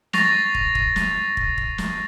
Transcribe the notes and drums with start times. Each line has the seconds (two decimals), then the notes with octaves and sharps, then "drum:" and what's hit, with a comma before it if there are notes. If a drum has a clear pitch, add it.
0.13 C#6 A6 A#6 C7 F7, drum: snare
0.55 drum: kick
0.75 drum: kick
0.96 drum: snare
1.37 drum: kick
1.58 drum: kick
1.78 drum: snare